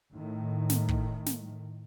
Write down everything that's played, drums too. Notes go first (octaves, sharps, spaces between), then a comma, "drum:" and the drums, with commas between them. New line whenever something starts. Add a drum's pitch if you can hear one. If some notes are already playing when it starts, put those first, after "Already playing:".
A2 D#3
drum: snare
drum: kick
drum: snare